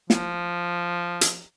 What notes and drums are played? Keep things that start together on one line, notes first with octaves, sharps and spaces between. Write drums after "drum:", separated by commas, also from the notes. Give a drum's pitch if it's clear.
F3, drum: snare
drum: hi-hat